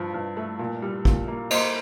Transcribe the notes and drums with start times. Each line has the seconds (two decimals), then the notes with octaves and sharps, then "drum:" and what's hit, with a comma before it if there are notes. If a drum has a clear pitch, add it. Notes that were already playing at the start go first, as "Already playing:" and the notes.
Already playing: G2 F3
0.14 G2
0.37 A3
0.59 A#2
0.82 G3
1.05 A#2, drum: kick A1
1.28 A#3
1.50 A#3 C5 D#5, drum: cymbal